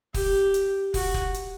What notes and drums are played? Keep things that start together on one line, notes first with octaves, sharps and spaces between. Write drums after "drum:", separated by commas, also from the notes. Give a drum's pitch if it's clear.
G4, drum: kick, open hi-hat
drum: hi-hat
F#4, drum: kick, open hi-hat
drum: kick
drum: hi-hat